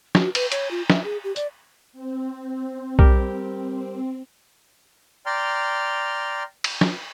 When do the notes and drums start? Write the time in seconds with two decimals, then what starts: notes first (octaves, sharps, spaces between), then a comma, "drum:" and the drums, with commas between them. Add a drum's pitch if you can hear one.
0.15 F#4, drum: snare
0.35 B4, drum: cymbal
0.52 C#5, drum: hi-hat
0.71 F4
0.90 E5, drum: snare
1.04 G#4
1.24 G4
1.36 D5, drum: tambourine
1.93 C4
2.99 G3 G4 A#4, drum: kick
5.26 D5 G5 A#5 C6 F6
6.64 drum: cymbal
6.81 drum: snare